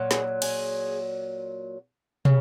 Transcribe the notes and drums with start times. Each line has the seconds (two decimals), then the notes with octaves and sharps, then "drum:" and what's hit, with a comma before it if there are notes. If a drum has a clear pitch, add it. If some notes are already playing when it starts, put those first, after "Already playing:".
Already playing: A#2 F#3
0.11 G#4, drum: snare
0.42 G#4, drum: cymbal
2.25 C#3, drum: tom